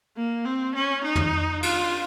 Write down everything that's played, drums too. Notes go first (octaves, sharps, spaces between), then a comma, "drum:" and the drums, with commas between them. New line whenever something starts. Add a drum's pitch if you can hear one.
A#3
C4
C#4
D#4
drum: tom
F4, drum: cymbal